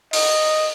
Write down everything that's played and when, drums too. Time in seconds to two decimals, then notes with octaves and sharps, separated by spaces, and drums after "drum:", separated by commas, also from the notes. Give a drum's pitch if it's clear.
0.13 D#5, drum: open hi-hat